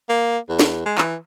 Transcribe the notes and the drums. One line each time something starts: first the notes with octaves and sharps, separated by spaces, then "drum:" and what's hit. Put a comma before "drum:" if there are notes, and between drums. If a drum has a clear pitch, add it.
A#3
E2
drum: snare
G#3
E3, drum: clap